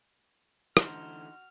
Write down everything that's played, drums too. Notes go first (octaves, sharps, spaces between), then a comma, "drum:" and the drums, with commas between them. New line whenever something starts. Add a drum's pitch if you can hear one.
D3 E3 A3 D#4 F#4 C5 F6, drum: rim click